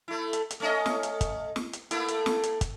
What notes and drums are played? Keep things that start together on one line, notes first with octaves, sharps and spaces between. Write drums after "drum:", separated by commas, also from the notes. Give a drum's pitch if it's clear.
A3 E4
drum: hi-hat
drum: hi-hat
A3 C#4 D#5
drum: snare
drum: hi-hat
drum: kick, hi-hat
drum: snare
drum: hi-hat
A3 A#3 E4, drum: hi-hat
drum: hi-hat
drum: snare
drum: hi-hat
drum: kick, hi-hat